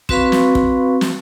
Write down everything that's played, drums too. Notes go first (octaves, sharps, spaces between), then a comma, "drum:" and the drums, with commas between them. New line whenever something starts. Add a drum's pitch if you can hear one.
C4 F#4 B4 F5 B5 C#6, drum: kick
drum: snare
drum: kick
drum: snare